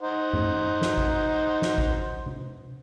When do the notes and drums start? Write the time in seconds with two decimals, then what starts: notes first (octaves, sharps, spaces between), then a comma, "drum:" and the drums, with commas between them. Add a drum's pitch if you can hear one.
0.01 D#4 C5 F#5
0.33 drum: tom G2
0.82 drum: snare
0.98 drum: kick A1
1.62 drum: snare
1.78 drum: kick A1
2.26 drum: tom C3